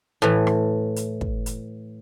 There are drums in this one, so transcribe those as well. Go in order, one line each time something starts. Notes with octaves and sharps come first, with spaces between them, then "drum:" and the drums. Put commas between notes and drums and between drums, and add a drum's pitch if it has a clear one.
A2 E3
drum: rim click
drum: hi-hat
drum: kick
drum: hi-hat